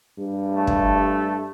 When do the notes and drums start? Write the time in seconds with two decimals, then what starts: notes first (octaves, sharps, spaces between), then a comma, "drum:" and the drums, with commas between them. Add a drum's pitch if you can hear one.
0.18 G2
0.56 A3
0.67 drum: kick